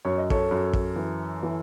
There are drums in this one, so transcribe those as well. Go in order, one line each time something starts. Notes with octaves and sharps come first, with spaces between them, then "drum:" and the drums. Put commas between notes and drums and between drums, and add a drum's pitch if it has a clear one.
F#2 C#5
D#5
A4 C#5, drum: kick
F#2
drum: kick
E3
E3